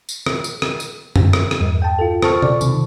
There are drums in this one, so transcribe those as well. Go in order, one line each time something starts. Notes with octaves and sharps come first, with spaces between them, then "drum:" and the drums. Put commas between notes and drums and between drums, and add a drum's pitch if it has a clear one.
drum: tambourine
drum: rim click
drum: tambourine
drum: rim click
drum: tambourine
drum: tom F#2
drum: rim click
drum: rim click
E2 G2
G5 A5
F4 A4
A4 C5 A5 C#6 F6, drum: rim click
D5, drum: tom B2
C3 D#3, drum: tambourine